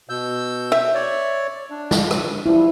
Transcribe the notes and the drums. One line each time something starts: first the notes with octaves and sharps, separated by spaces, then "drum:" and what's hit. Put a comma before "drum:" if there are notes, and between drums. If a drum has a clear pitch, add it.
B2 E6 G6
E5
C#5 D5
D4
drum: snare
drum: rim click
F3 G3 E4